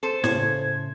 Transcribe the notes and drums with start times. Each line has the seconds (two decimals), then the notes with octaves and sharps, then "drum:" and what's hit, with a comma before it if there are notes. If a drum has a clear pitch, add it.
0.03 A4 C5
0.24 A2 C#3 G#6, drum: snare